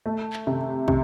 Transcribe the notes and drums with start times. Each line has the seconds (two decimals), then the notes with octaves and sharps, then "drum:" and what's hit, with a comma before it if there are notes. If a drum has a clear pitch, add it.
0.06 A3
0.33 drum: clap
0.47 C3
0.88 C3, drum: kick